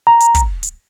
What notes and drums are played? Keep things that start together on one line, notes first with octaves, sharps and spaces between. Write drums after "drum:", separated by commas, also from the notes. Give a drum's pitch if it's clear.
A#5
drum: hi-hat
drum: kick, hi-hat
drum: hi-hat